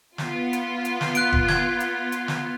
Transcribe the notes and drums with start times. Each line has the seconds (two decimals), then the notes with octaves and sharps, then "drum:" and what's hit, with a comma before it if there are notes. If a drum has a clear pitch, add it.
0.18 B3 F4, drum: snare
0.53 drum: hi-hat
0.85 drum: hi-hat
1.01 drum: snare
1.15 F#6 D7, drum: hi-hat
1.33 drum: kick
1.48 G#6, drum: snare
1.80 drum: hi-hat
2.12 drum: hi-hat
2.28 drum: snare